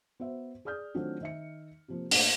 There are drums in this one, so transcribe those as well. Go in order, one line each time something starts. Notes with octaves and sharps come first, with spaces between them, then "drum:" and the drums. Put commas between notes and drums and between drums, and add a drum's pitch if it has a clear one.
B3 F#4 C5 E5
G#4 D5 D#6 F6 G6
D#3 F#3 A3 C4 D4 F4
D#3 E5 C#7
C3 F3 A#3
A2 A#3 D4, drum: open hi-hat